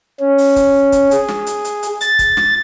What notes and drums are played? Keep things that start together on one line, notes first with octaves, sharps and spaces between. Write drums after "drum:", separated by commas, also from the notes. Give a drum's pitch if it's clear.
C#4
drum: open hi-hat
drum: kick, hi-hat
drum: kick, hi-hat
G#4, drum: hi-hat
drum: snare
drum: hi-hat
drum: hi-hat
drum: hi-hat
A6, drum: hi-hat
drum: kick, hi-hat
drum: snare